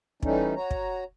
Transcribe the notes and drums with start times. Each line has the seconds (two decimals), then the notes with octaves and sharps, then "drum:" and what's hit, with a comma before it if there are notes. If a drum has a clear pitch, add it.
0.23 E3 G3 A3 C#4 D#4, drum: kick
0.56 F#4 C#5 A#5
0.71 drum: kick